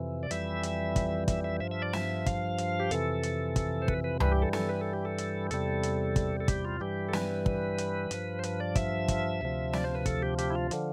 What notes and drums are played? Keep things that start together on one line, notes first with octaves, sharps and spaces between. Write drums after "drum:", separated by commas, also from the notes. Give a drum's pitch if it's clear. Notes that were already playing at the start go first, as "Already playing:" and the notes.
Already playing: F2 C3 E3
D5
F2 E3 G3 E5, drum: hi-hat
drum: hi-hat
drum: kick, hi-hat
E5, drum: kick, hi-hat
E5
G2 F3 E5
E5
D5
E5, drum: snare
F5, drum: kick, hi-hat
drum: hi-hat
G4
F2 C3 E3 A4, drum: hi-hat
drum: hi-hat
drum: kick, hi-hat
C5
B4, drum: kick
B4
G2 E3 G3 B4, drum: tom C#2
G4
A4
A4, drum: snare
B4
A4
G4
A4
drum: hi-hat
E2 C3 G3 A4, drum: hi-hat
drum: hi-hat
drum: kick, hi-hat
A4
G4, drum: kick, hi-hat
F4
G2 E3 G3 G4
A4
B4, drum: snare
drum: kick
drum: hi-hat
G2 F3, drum: hi-hat
C5
B4, drum: hi-hat
D5
E5, drum: kick, hi-hat
drum: kick, hi-hat
D2 C3 F3
D5, drum: snare
C5
B4
A4, drum: kick, hi-hat
G4
G4, drum: hi-hat
E4
F4
D3 F3, drum: hi-hat